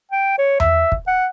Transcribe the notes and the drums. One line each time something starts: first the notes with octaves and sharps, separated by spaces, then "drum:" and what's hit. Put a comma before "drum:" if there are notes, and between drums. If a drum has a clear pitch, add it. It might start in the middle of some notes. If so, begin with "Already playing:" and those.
G5
C#5
E5, drum: tom E2
drum: kick
F#5